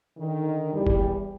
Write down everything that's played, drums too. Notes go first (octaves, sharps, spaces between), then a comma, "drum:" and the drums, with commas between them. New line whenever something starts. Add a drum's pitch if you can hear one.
D3 D#3
E2 G3
drum: kick F#1